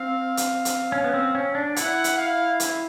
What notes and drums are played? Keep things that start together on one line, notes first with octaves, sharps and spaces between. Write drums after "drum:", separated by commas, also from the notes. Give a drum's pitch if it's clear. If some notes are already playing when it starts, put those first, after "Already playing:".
Already playing: C4 F5
drum: hi-hat
drum: hi-hat
C#4
B3
C4
C#4
D4
E4 F#5, drum: hi-hat
drum: hi-hat
F5
drum: hi-hat